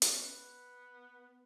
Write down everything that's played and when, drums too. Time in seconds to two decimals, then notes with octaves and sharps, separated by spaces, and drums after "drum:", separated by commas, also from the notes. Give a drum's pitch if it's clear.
0.02 B3, drum: hi-hat
0.12 C#4
0.20 B3